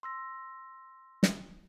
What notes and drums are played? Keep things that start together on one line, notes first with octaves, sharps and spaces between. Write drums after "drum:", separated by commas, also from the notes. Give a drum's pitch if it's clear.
C6 E6 A#6
drum: snare